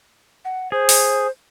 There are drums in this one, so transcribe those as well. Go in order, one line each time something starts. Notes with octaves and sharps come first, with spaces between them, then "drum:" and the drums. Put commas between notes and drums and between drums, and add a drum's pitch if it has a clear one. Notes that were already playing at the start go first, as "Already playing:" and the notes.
F#5
G#4 C5
drum: open hi-hat